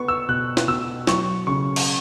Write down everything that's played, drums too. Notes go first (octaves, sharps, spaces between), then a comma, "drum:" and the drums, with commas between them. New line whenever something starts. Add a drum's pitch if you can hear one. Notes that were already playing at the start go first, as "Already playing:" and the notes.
Already playing: B3 C#6
E6
B2 F#6
drum: snare
B2 E6
F#3 C#6, drum: snare
C#3 C#6
drum: cymbal